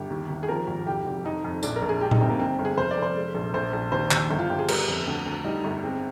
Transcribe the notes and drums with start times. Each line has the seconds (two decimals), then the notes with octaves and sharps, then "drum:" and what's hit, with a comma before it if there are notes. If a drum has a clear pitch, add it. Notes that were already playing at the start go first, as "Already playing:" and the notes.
Already playing: G1 G4
0.10 D#2
0.30 D#2
0.43 G#4
0.49 F3 A#4
0.67 G#1
0.87 F1 G4
1.06 F1
1.24 F2 D#4
1.44 F2
1.63 A#1 D4, drum: tambourine
1.76 A#4
1.82 A#1
1.89 G#4
2.01 G#3 G4
2.11 D#4, drum: tom A#2
2.21 G1 C4
2.30 A#3
2.39 G1 C4
2.59 G1
2.65 G#4
2.77 F1 C5
2.91 D5
2.97 F1
3.02 C5
3.16 G#3
3.35 A#1
3.54 A#1 C5
3.73 A#1
3.92 D#2 C5
4.11 D#2, drum: clap
4.30 G1
4.39 F4
4.49 G1 G4
4.59 G#4
4.68 G3 A#4, drum: cymbal
4.88 F2
5.07 D2
5.26 D2
5.44 G3 D#4
5.64 G1
5.83 G#3 C4